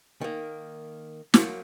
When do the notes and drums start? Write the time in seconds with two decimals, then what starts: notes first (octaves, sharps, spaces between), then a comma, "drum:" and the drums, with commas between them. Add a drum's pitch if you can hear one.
0.21 D#3 A#3
1.34 F#3 A#3, drum: snare